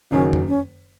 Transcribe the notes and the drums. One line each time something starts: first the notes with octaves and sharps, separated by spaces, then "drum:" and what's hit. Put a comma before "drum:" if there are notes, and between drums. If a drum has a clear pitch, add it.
F#1 F#2 D#3 F#3 C#4
drum: tom
C#4